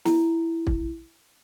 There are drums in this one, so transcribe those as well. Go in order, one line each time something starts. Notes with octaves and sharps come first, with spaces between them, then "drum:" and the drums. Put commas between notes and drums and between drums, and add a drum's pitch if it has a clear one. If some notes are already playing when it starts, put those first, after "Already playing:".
E4, drum: snare
drum: kick